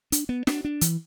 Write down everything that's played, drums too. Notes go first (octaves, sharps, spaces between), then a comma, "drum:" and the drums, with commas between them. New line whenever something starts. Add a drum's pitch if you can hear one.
D4, drum: hi-hat
B3
D4, drum: snare
D4
E3, drum: hi-hat